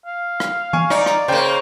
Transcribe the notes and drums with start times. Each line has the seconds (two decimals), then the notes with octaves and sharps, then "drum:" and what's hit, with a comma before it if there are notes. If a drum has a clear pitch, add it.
0.06 F5
0.40 drum: rim click
0.73 G#5 C#6, drum: tom E3
0.90 D#4 D5, drum: rim click
1.06 drum: rim click
1.28 C#3 A#3 C5 G5